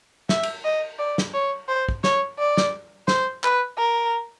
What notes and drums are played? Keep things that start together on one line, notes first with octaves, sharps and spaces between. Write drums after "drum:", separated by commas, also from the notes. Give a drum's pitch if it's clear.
E5, drum: snare
drum: cymbal
D#5
D5
drum: snare
C#5
C5
drum: kick
C#5, drum: snare
D5
drum: snare
C5, drum: snare
B4, drum: clap
A#4